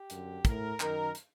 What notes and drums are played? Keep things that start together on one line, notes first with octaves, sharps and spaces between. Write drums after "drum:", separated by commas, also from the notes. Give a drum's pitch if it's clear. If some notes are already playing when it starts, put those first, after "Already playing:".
Already playing: G4
F#2 D3, drum: hi-hat
A2 A#4, drum: kick, hi-hat
F#2 D#3 A#4, drum: clap
drum: hi-hat